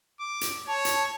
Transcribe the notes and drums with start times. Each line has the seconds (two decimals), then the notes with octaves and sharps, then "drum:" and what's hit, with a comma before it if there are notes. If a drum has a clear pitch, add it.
0.20 D6
0.41 drum: hi-hat
0.68 C#5 A5
0.85 drum: hi-hat